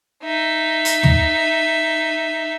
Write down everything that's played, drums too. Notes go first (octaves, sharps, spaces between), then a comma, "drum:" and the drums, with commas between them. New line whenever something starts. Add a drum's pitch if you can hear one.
D#4 E5
drum: hi-hat
drum: tom